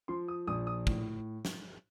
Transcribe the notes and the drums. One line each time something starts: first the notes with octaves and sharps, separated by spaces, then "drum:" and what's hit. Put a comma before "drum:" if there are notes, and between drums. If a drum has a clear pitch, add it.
F3 C6
D#6
A#1 D#6
D#6
A2, drum: kick
drum: snare